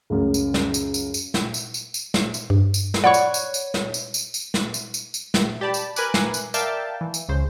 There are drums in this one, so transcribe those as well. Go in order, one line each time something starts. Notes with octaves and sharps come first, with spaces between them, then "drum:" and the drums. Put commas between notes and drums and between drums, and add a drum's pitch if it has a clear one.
C#2 F#2
drum: tambourine
drum: snare
drum: tambourine
drum: tambourine
drum: tambourine
drum: snare
drum: tambourine
drum: tambourine
drum: tambourine
drum: snare
drum: tambourine
G2
drum: tambourine
drum: snare
C#5 D5 F#5 B5 C#6
drum: tambourine
drum: tambourine
drum: tambourine
drum: snare
drum: tambourine
drum: tambourine
drum: tambourine
drum: snare
drum: tambourine
drum: tambourine
drum: tambourine
drum: snare
G4 D5 A5 B5
drum: tambourine
A#4 B4 G#5 D6 F#6, drum: tambourine
drum: snare
drum: tambourine
A#4 D5 E5 F5 G5 A5, drum: tambourine
E3
drum: tambourine
C#2 C#3 C5